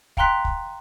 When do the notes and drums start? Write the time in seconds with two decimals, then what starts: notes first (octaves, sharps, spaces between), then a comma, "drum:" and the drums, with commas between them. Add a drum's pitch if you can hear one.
0.17 F5 G5 A#5 C6 F#6 B6, drum: kick
0.45 drum: kick